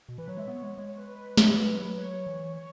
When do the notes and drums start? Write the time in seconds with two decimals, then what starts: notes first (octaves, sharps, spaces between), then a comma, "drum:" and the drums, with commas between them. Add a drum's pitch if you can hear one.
0.09 B2
0.18 E3 B4
0.28 F#3 C#5
0.37 G#3 E5
0.48 B3 C#5
0.63 G#3
0.78 G#3 C#5
0.88 C#5
0.97 B4
1.08 B4
1.37 F#3, drum: snare
1.52 G#3
1.67 F#3
1.97 C#5
2.27 E3
2.56 C#5